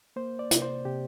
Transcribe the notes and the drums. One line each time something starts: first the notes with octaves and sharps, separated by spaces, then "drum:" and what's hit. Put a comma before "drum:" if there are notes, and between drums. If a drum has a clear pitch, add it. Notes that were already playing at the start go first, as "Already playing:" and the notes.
A#3 C5
D5
C3, drum: hi-hat
C5
C3 G4